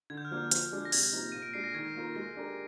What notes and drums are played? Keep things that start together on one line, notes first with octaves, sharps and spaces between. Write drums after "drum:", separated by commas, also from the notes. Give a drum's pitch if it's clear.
D3 G#6
G6
F6
F3 A#3 D4 G6
F3, drum: hi-hat
G#3 D4 G#4
A#6
C3 G#6, drum: open hi-hat
F3 A#3 D#4
A#2 D#7
D7
G#3 D4 C7
A#6
D#3 G#6
A#3 F4 A#4
G#3 A#6
D4 G4 A#4